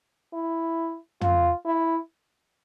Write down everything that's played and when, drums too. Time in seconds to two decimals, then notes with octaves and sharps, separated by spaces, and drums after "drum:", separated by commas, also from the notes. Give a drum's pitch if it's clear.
0.33 E4
1.21 F4, drum: tom
1.65 E4